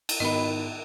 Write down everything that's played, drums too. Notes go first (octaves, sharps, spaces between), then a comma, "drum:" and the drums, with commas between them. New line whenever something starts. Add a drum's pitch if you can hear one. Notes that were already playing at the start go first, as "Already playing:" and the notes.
drum: cymbal
G#2 D#3 B3 F#4 D#5 B5